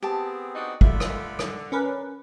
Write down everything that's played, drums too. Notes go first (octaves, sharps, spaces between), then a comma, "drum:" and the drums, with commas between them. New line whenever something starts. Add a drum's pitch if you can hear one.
B3 C4 G4 G#4 A5
D4 D#4 F#4
D3 A3 F4 E5 B5, drum: kick
drum: rim click
drum: rim click
C#4 D4 A#4 B4